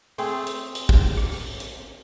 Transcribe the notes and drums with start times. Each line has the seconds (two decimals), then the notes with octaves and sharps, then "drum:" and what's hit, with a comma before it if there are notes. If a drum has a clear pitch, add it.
0.18 A3 C4 G#4, drum: open hi-hat
0.47 drum: hi-hat
0.75 drum: hi-hat
0.89 drum: kick
1.03 drum: open hi-hat
1.17 drum: rim click
1.32 drum: open hi-hat
1.60 drum: hi-hat